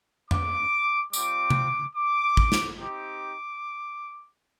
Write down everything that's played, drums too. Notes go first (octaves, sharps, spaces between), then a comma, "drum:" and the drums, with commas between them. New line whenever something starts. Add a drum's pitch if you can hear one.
D6, drum: tom F2
G3 C4 F4 D6, drum: tambourine
drum: tom C3
D6
drum: kick
drum: snare
C4 D#4 G4 D6